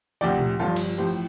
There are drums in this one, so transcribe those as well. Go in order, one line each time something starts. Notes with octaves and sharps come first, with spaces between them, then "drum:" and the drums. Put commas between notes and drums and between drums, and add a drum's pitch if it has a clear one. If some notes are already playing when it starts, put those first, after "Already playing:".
D2 C3 F3 D5 G5
drum: tom
G1 G2 F3 F4 A4
drum: cymbal
A1 A2 F3 G4 C5